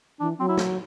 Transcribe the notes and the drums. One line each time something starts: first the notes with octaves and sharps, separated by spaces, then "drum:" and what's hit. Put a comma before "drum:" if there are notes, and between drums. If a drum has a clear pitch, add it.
E3 D4
F#3 C4
E4
drum: snare